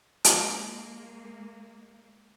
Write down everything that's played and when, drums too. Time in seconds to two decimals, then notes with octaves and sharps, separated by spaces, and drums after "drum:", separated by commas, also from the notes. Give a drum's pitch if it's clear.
0.24 G#3 A#3, drum: hi-hat